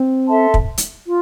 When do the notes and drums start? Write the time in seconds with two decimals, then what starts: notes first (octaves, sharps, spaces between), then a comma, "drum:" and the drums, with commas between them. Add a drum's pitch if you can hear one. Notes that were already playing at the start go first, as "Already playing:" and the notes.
Already playing: C4
0.27 A4 E5 A5 C6
0.54 drum: kick
0.78 drum: hi-hat
1.06 F4